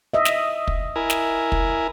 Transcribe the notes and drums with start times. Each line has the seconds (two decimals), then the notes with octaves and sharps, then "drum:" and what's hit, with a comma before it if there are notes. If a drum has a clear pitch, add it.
0.14 D#5 E5
0.25 drum: snare
0.67 drum: kick
0.96 E4 A#4 G#5
1.10 drum: snare
1.52 drum: kick